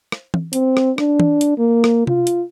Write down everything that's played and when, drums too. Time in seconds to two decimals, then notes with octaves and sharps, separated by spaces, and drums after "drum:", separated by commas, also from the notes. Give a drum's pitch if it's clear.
0.12 drum: rim click
0.34 drum: tom E3
0.53 C4, drum: hi-hat
0.77 drum: rim click
0.98 D4, drum: rim click
1.20 drum: tom E3
1.41 drum: hi-hat
1.58 A#3
1.84 drum: rim click
2.07 F4, drum: tom C3
2.27 drum: hi-hat